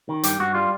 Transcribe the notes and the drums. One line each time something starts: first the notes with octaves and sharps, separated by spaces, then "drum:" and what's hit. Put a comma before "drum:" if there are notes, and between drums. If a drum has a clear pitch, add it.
D#3
G2 G4, drum: hi-hat
G2 F#4
G3 F4